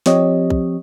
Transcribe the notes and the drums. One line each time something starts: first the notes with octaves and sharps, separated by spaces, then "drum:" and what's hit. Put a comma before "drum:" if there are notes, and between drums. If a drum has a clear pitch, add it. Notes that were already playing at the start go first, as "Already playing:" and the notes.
F3 C4 G4 C#5 D#5, drum: snare
drum: kick